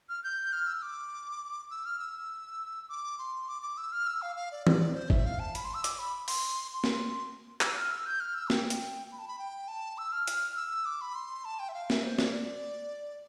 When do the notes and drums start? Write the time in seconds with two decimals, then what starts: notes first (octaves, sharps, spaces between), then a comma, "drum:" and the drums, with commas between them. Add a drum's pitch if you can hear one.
0.09 F6
0.24 G6
0.53 F6
0.67 E6
0.82 D6
1.71 E6
1.86 F6
2.00 E6
2.89 D6
3.19 C6
3.48 D6
3.62 D6
3.77 E6
3.92 F6
4.07 E6
4.22 F5
4.36 F5
4.52 D5
4.67 D5, drum: tom E3
4.95 C5
5.10 E5, drum: kick
5.26 F5
5.39 A5
5.55 B5, drum: hi-hat
5.64 C6
5.74 E6
5.84 D6, drum: hi-hat
5.99 B5
6.28 C6, drum: open hi-hat
6.73 C6
6.84 drum: snare
7.61 E6, drum: clap
7.75 F6
7.90 E6
8.06 G6
8.20 F6
8.35 E6
8.50 G5, drum: snare
8.70 drum: hi-hat
9.12 B5
9.19 A5
9.28 B5
9.39 G5
9.68 A5
9.98 E6
10.12 F6
10.27 F6, drum: hi-hat
10.56 E6
10.85 D6
11.01 B5
11.15 C6
11.45 A5
11.59 G5
11.69 E5
11.74 F5
11.90 E5, drum: snare
12.04 C5
12.18 D5, drum: snare
12.33 D5